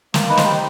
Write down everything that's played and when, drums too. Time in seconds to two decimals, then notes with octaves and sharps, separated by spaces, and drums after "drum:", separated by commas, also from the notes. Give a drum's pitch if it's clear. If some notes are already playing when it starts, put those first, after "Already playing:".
0.14 A#3, drum: snare
0.29 D#4 B4
0.37 C5, drum: snare
0.45 G4